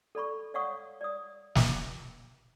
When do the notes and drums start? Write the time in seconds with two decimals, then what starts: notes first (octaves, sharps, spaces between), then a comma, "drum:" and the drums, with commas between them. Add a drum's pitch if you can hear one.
0.15 A4 D5 B5 C#6
0.54 C#5 D5 F5 F#5 C#6 D#6
1.01 D5 D#6
1.55 drum: snare